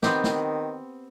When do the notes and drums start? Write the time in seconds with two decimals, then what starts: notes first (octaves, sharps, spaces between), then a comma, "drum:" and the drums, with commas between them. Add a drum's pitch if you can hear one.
0.03 D#3 B3 C4 G4, drum: snare
0.24 drum: snare